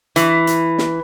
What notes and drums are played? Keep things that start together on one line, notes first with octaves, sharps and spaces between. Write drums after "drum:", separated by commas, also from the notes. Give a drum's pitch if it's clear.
E3, drum: hi-hat
drum: hi-hat
drum: snare